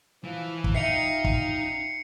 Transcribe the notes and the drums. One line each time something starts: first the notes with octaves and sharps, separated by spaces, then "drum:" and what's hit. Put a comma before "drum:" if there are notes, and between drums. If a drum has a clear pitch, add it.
E3 F3
drum: kick
D#4 F4 E5 G5 C7 C#7 F7
drum: kick